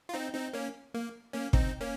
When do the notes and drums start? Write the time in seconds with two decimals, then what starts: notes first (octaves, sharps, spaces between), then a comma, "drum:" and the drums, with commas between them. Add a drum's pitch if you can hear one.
0.09 F4
0.14 C4 D#4
0.34 C4 D#4
0.53 A#3 C#4
0.94 A#3
1.33 A#3 C#4
1.53 C4 D#4, drum: kick
1.81 A#3 C#4